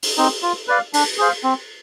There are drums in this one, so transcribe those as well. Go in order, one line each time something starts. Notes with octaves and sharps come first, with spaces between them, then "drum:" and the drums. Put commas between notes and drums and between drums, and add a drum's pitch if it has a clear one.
drum: open hi-hat
C4 D#4
F4
B4 D5 F5
D4, drum: open hi-hat
G#4 C5 F5
C4